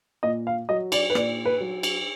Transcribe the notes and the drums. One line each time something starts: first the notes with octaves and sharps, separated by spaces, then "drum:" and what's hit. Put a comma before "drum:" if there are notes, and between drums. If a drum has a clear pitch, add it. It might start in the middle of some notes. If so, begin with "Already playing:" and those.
A#2 D#5
F5
F#3 D#5
D5, drum: cymbal
B4
A#2 D5, drum: rim click
B4
F#3
drum: cymbal